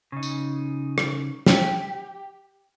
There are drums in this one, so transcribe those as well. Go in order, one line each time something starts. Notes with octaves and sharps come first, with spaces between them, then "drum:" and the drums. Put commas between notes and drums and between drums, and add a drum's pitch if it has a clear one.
C#3 D#4
drum: tambourine
drum: rim click
G4, drum: snare